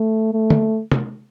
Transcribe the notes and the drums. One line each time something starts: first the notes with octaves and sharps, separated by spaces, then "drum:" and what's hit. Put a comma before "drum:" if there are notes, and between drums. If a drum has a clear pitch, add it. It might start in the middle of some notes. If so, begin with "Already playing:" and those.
Already playing: A3
A3
drum: tom
drum: tom C3